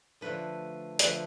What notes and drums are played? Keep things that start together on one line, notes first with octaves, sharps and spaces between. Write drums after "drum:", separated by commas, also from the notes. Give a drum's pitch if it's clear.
D3 F3 A3 B4
D3 F3 A3 B4, drum: hi-hat